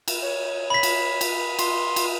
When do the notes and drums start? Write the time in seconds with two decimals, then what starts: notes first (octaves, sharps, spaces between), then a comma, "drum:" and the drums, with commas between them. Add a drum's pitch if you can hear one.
0.08 drum: cymbal
0.22 C#5
0.70 B5 B6
0.83 drum: cymbal
1.21 drum: cymbal
1.59 C6, drum: cymbal
1.96 drum: cymbal